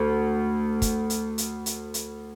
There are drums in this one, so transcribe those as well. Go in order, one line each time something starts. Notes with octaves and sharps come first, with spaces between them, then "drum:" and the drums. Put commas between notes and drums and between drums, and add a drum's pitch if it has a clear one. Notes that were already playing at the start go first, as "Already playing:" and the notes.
Already playing: D2
drum: kick, hi-hat
drum: hi-hat
drum: hi-hat
drum: hi-hat
drum: hi-hat